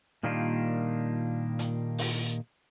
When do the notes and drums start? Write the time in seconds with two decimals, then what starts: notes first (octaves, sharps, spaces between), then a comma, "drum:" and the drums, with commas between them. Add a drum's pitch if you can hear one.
0.23 A#2 D#3 G3 A#3 D4 F4
1.59 drum: hi-hat
1.98 drum: open hi-hat